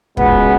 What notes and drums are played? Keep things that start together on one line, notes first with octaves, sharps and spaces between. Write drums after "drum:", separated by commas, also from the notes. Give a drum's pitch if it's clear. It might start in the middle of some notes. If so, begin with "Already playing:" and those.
C#2 B2 G#3 B3, drum: kick